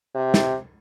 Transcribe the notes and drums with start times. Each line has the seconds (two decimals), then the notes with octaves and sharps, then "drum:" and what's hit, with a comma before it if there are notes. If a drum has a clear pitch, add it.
0.15 C3
0.34 drum: snare